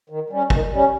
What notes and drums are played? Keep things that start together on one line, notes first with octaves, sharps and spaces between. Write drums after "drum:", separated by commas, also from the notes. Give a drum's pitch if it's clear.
D#3
G3 C#4
D#3, drum: kick
G3 C#4